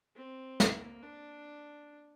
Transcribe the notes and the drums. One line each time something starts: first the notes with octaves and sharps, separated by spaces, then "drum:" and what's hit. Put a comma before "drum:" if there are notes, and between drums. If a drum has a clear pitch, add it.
C4
A#3, drum: snare
D4